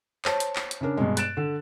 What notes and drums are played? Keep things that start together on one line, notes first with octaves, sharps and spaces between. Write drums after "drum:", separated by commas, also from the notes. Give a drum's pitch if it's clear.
C5 C#5 A5, drum: clap
drum: hi-hat
drum: clap
drum: hi-hat
C#3 C#4 D4 A#4
G2 B2 G#3
F#6 A6 D7 E7, drum: hi-hat
D3